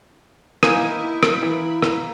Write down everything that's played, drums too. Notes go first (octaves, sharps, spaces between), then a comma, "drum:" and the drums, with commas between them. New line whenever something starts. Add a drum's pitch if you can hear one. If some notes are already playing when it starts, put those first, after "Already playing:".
A#3 D#4 E4 G#5, drum: rim click
drum: rim click
E3
drum: rim click